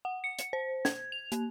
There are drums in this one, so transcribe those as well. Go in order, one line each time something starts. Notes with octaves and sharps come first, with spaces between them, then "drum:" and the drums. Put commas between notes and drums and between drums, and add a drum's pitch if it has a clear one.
F#5
C#7
drum: hi-hat
C5
G#6, drum: snare
F7
A#3, drum: hi-hat